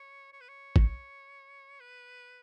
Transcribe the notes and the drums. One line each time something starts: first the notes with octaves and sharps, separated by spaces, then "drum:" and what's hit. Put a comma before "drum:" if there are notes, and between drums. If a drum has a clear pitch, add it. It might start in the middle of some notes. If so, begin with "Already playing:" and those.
Already playing: C#5
C#5
B4
C#5
drum: kick
B4